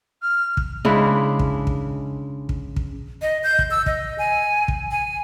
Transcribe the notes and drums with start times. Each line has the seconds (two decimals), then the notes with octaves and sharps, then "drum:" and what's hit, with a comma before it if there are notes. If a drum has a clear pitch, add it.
0.22 F6
0.57 drum: kick
0.85 C#3 G#3 D4 E4
1.39 drum: kick
1.67 drum: kick
2.49 drum: kick
2.76 drum: kick
3.22 D#5
3.44 G6
3.59 drum: kick
3.71 E6
3.86 D#5, drum: kick
4.18 G#5
4.68 drum: kick
4.91 G#5